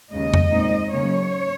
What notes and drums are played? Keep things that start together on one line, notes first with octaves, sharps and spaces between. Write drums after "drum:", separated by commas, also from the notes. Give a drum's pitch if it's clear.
D#2 C#3 G#3 D#5
drum: tom F2
A#2 G#3 C4 D#4
C#3 F#3 A#3 C#4 C#5